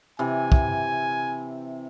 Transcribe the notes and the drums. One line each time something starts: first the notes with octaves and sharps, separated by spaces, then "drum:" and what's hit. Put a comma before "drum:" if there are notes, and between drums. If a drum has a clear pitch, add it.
C3 E3 G#5
drum: kick